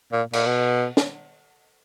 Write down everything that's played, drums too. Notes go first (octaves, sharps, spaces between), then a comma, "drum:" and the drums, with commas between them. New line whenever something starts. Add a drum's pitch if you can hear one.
A#2
A#2, drum: cymbal
B2
drum: snare